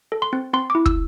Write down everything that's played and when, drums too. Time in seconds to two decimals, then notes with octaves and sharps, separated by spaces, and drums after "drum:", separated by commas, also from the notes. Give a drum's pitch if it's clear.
0.12 A4
0.22 C6
0.33 C4
0.53 C4 C6
0.70 D6
0.75 E4
0.86 E6, drum: kick